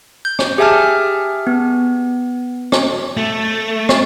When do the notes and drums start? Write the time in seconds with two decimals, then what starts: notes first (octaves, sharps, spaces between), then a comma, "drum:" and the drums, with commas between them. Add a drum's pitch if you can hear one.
0.25 G6
0.39 drum: rim click
0.58 G4 G#4 E5 G#5 A5 F6
1.47 B3
2.72 drum: rim click
3.17 A3
3.89 drum: rim click